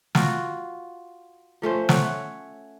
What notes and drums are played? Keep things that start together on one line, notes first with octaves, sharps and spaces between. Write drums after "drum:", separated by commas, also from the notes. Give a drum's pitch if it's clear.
F4 F#4, drum: snare
F3 A3 C#4 C5
C#5 E5 F#5, drum: snare